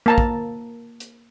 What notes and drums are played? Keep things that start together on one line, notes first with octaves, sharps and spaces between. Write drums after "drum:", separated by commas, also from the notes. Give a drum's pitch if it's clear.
A#3 A5 A#5
drum: kick
drum: hi-hat